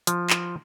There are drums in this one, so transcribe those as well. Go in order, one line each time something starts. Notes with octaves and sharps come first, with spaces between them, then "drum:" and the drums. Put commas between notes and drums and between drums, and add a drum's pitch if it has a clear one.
F3, drum: hi-hat
drum: clap